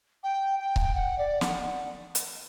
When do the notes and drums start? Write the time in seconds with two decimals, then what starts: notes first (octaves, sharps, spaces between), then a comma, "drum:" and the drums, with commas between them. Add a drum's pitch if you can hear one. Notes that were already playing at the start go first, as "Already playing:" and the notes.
0.23 G5
0.59 G5
0.76 drum: kick C#1
0.94 F#5
1.18 D5
1.41 F#5, drum: snare
2.15 drum: hi-hat